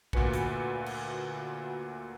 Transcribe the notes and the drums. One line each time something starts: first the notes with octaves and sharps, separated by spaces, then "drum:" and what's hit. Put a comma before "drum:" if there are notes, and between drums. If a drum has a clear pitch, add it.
D2 A#2 F#4 B4 G#5 C#7, drum: kick
drum: hi-hat
drum: cymbal